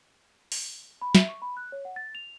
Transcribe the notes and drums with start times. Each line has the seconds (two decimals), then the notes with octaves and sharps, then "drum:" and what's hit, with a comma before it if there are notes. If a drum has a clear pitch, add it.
0.52 drum: open hi-hat
1.02 B5
1.15 E5, drum: snare
1.29 C#6
1.42 B5
1.57 F#6
1.72 C#5
1.85 F#5
1.96 A6
2.15 F7